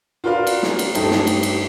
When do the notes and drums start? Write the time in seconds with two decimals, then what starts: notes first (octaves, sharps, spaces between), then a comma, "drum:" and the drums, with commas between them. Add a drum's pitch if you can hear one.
0.24 F4 F#4 A#4 B4 D5 F5
0.47 drum: cymbal
0.63 drum: snare
0.79 drum: cymbal
0.95 G2 A3 D#4 G4 C5 A5, drum: cymbal
1.11 drum: snare
1.27 drum: cymbal
1.43 drum: cymbal